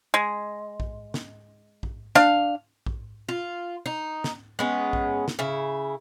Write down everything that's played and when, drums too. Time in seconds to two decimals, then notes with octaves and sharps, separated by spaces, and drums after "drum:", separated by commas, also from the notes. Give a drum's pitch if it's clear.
0.14 G#3
0.80 drum: kick A#1
1.14 drum: snare
1.83 drum: kick A#1
2.15 D4 F5, drum: snare
2.86 drum: kick A#1
3.29 F4
3.86 D#4
4.24 drum: snare
4.59 G#3 B3 C#4
4.93 drum: kick A#1
5.28 drum: snare
5.39 C#3 E4